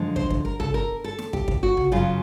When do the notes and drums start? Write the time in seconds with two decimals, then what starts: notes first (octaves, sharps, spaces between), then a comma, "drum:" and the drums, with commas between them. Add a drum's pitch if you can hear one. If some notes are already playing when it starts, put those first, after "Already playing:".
Already playing: F#2 D3 F3 G#3
0.16 C5, drum: kick
0.31 drum: kick
0.45 A#4
0.60 A4, drum: tom
0.74 A#4
1.04 A4
1.18 drum: snare
1.33 G4, drum: kick
1.48 drum: kick
1.63 F#4
1.77 drum: tom
1.92 F#2 C#3 F#3 F4